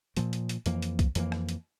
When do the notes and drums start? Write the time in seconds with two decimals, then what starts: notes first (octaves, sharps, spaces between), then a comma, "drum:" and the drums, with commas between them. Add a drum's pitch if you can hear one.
0.17 A#2 F3 A#3, drum: hi-hat
0.33 drum: hi-hat
0.49 drum: hi-hat
0.66 F2 E3 A#3, drum: hi-hat
0.82 drum: hi-hat
0.99 drum: kick B1, hi-hat
1.15 F2 E3 A#3, drum: hi-hat
1.32 drum: rim click
1.49 drum: hi-hat